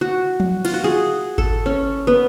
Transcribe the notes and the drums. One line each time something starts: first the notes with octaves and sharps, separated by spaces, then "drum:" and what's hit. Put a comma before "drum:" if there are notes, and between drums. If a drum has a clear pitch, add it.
F#4
drum: tom F3
F4, drum: cymbal
F#4
G#4
A4, drum: kick G#1
C#4
B3